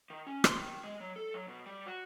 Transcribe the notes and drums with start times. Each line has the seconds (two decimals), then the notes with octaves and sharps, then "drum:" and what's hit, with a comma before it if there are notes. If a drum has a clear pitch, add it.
0.10 D#3
0.27 C#4
0.44 C6, drum: rim click
0.57 D#3
0.84 G#3
1.00 F#3
1.16 A4
1.34 F#3
1.48 B2
1.66 G3
1.86 F#4